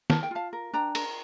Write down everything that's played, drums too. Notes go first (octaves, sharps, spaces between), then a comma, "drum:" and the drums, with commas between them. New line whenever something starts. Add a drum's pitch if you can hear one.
A#4 A5, drum: snare
G5
F4 F5 A5
A#4
D4 G5 A#5
A#4, drum: cymbal